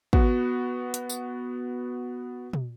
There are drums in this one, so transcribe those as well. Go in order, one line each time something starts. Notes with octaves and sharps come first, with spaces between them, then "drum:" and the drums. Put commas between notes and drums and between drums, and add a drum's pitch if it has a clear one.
B3 F#4, drum: kick
drum: hi-hat
drum: tambourine
drum: tom